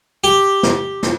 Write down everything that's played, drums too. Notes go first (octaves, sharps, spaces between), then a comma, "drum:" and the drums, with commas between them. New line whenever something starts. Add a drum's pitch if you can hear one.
G4
drum: snare
drum: snare